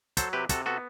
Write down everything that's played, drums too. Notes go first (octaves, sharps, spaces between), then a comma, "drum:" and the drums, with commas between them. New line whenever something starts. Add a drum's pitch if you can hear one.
F#3 A4 C5, drum: kick, hi-hat
C3 G4 B4
C3 F#4 A4, drum: kick, hi-hat
B3 F#4 A4